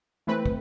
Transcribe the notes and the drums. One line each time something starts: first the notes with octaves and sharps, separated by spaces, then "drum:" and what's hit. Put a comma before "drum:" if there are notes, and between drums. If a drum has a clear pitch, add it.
E3 A3 C4 B4
drum: kick